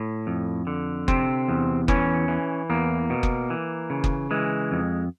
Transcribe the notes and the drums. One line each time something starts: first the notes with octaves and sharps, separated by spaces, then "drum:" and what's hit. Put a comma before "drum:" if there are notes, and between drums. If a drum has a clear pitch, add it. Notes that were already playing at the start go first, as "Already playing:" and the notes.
Already playing: A2
F2
D3
C3 C4, drum: kick F#1
E2
E3 C#4, drum: kick F#1
E3
E2 A#3
B2
drum: kick F#1
E3
C#3
drum: kick F#1
E3 G#3
F2